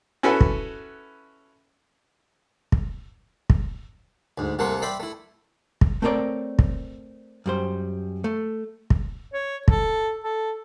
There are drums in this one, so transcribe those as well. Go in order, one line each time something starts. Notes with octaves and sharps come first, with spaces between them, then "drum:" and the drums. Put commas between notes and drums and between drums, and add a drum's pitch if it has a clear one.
C#4 E4 F#4 A4 B4
drum: kick
drum: kick
drum: kick
D2 G#2
C2 C3 A3 A#3 F#5 C6
D5 E5 G5 B5 C6
A3 E4
drum: kick
A3 C4 A#4 C#5 D5
drum: kick
F#2 G3 C5
A3
drum: kick
C#5
A4, drum: kick
A4